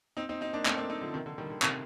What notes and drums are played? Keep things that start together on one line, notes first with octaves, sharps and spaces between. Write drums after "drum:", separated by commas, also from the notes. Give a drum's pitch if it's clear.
C4 D#4
C4 D#4
C4 D#4
A#3 D4
A3 C4, drum: clap
A#3 D4
C4 D#4
D3 F3
C3 D#3
D3
D#3 G3
D3
C3 D#3, drum: clap